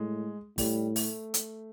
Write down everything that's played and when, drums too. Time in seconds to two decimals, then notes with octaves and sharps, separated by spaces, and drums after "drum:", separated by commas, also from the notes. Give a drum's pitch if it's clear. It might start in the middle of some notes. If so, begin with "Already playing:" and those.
Already playing: A2 G#3
0.58 A2 G3, drum: kick, open hi-hat
0.96 A3, drum: open hi-hat
1.34 drum: hi-hat